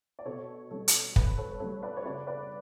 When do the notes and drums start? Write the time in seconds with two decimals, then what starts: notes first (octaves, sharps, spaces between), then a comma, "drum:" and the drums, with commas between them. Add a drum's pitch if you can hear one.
0.19 D5
0.26 B2 A4 C#5
0.71 G3 C#4 A4
0.88 drum: hi-hat
1.16 B2 B4, drum: kick
1.38 A4 C#5
1.60 G3 C#4 A4 C#5
1.82 B4 D5
1.97 C#5
2.05 C#3 B4 D5
2.27 B4 D5